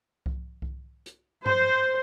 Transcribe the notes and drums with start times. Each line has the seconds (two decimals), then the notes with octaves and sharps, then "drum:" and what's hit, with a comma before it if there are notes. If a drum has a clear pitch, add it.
0.26 drum: kick C2
0.62 drum: kick C2
1.06 drum: hi-hat
1.46 C5, drum: tom G2